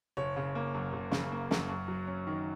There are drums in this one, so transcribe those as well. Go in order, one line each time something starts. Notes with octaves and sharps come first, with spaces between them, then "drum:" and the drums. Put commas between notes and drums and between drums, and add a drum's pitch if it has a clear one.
F#1 C#5
C#3
A#3
F#2
F#1
C#3, drum: snare
A#3
F#2, drum: snare
F#2
F#3
C#4
D#3